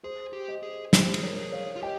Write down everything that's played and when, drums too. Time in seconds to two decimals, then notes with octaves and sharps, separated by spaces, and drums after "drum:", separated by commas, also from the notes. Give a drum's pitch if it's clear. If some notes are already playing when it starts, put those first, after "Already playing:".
0.04 G#4 C5
0.33 G4
0.48 C5 D#5
0.63 G#4
0.93 G#4 C5, drum: snare
1.04 G4
1.14 G#4, drum: cymbal
1.23 A#4 C#5
1.37 G#4
1.52 C#5 F5
1.76 F4
1.82 G4 D#5 G5